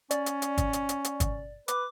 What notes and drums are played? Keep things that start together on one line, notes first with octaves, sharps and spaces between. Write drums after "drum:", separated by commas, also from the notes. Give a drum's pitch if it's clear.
C#4 D5, drum: hi-hat
drum: hi-hat
drum: hi-hat
drum: kick, hi-hat
drum: hi-hat
drum: hi-hat
drum: hi-hat
drum: kick, hi-hat
B4 D6, drum: hi-hat